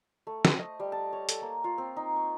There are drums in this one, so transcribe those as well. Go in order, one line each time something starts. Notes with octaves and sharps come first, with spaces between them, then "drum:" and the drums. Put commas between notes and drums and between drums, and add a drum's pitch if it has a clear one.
A3
C5, drum: snare
D#5
G3
A5
C#5
A4, drum: hi-hat
A#3
F4
C4
D#4
C#6